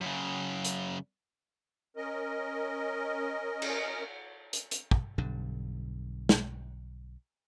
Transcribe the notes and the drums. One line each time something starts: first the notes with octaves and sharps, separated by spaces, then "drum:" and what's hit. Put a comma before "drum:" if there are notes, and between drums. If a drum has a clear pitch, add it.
F#2 C#3
drum: hi-hat
C#4 A#4 D#5
drum: cymbal
drum: hi-hat
drum: hi-hat
drum: kick
B1 G2 D3
drum: snare